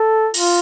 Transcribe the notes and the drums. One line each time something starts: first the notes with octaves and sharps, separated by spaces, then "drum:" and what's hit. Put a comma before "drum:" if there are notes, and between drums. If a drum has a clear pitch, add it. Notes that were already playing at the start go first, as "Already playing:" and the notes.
Already playing: A4
F4, drum: open hi-hat